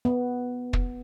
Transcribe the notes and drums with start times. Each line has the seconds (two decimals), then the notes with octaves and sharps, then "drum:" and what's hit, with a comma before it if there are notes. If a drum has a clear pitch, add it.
0.05 B3
0.73 drum: kick